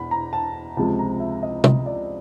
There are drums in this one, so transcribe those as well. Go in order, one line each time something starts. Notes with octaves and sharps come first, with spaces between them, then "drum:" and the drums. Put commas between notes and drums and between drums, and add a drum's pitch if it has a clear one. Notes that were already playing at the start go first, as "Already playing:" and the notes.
Already playing: E2 B2 B5
A#5
A5
C#2 C3 F3 G#3 A5
A#5
E5
D#5
D#5, drum: tom
D5